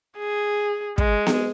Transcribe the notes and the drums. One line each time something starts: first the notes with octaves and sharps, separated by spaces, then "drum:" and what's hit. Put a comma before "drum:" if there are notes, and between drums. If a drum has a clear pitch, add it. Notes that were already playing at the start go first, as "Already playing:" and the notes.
G#4
G#3, drum: kick
drum: snare B3